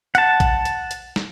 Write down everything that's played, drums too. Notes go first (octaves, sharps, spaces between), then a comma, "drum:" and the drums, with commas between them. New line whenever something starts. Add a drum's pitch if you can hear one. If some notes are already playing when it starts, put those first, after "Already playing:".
F#5 A5, drum: hi-hat
drum: kick, hi-hat
drum: hi-hat
drum: hi-hat
drum: snare